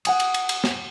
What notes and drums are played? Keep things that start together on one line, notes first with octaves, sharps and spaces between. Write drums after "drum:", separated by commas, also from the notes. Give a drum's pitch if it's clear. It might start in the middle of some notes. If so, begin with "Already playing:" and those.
F#5 G#5 D#6, drum: cymbal
drum: cymbal
drum: cymbal
drum: cymbal
drum: snare